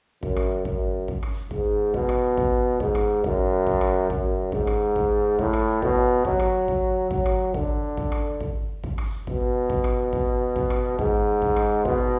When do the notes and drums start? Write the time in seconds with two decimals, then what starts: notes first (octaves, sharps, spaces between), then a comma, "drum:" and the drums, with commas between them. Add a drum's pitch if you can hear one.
0.23 F#2, drum: kick
0.36 drum: rim click
0.65 F#2, drum: kick
1.08 drum: kick
1.23 drum: rim click
1.51 G#2, drum: kick
1.94 B2, drum: kick
2.09 drum: rim click
2.37 drum: kick
2.80 G#2, drum: kick
2.95 drum: rim click
3.24 F#2, drum: kick
3.67 drum: kick
3.81 drum: rim click
4.10 F#2, drum: kick
4.52 G#2, drum: kick
4.67 drum: rim click
4.96 drum: kick
5.39 A2, drum: kick
5.53 drum: rim click
5.82 B2, drum: kick
6.25 F#3, drum: kick
6.39 drum: rim click
6.68 drum: kick
7.11 F#3, drum: kick
7.26 drum: rim click
7.54 D3, drum: kick
7.97 drum: kick
8.12 drum: rim click
8.40 drum: kick
8.84 drum: kick
8.98 drum: rim click
9.27 B2, drum: kick
9.70 drum: kick
9.84 drum: rim click
10.13 drum: kick
10.56 drum: kick
10.70 drum: rim click
10.99 G#2, drum: kick
11.42 drum: kick
11.56 drum: rim click
11.85 B2, drum: kick